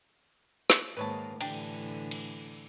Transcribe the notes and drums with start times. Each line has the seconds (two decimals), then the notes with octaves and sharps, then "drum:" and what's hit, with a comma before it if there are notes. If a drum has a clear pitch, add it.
0.70 drum: snare
0.97 G#2 D#3 A#3 B4 C#5 A5
1.41 A2 D3 E3 D4 G4, drum: cymbal
2.11 drum: cymbal